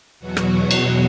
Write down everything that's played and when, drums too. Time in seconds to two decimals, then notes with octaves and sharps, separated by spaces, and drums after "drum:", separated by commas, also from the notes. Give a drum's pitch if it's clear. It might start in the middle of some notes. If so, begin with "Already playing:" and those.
0.19 E2 B2 F#3 F#4
0.37 drum: rim click
0.71 drum: cymbal